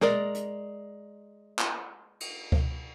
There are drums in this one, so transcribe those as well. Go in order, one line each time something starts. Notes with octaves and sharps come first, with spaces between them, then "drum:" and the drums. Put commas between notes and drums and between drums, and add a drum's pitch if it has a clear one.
G#3 A#4 D5, drum: snare
drum: hi-hat
drum: clap
drum: cymbal
drum: kick C#2